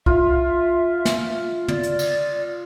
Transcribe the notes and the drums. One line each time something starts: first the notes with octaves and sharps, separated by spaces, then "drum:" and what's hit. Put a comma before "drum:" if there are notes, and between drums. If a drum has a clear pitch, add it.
F4 E5, drum: kick
drum: snare
D5, drum: tom
drum: hi-hat
drum: cymbal